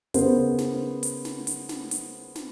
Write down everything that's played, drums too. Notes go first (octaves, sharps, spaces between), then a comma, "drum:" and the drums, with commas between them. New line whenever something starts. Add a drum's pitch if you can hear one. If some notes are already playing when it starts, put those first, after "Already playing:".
C#3 B3 A#4 C5, drum: hi-hat
drum: snare
drum: hi-hat
drum: snare
drum: hi-hat
drum: snare
drum: hi-hat
drum: snare